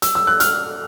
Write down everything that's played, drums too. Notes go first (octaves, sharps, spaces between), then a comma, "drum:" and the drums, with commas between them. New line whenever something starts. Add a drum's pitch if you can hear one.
E6, drum: hi-hat
E6
F#6
F6, drum: hi-hat